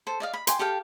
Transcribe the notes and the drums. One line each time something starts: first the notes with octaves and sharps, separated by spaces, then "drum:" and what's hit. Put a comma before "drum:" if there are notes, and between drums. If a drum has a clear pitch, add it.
A4 C5
D5 D#5 F5
B5
G5 G#5 C6 D6, drum: hi-hat
G4 A4 F5 G5